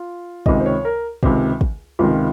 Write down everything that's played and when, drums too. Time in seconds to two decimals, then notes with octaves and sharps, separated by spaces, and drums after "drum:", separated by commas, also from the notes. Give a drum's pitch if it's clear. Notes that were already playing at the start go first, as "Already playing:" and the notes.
Already playing: F4
0.46 C#2 C3 D#3 D#5, drum: kick
0.60 C5
0.66 C#5
0.85 A#4
1.23 C#2 C3 D#3, drum: kick
1.61 drum: kick
1.99 C#2 C3 D#3 F4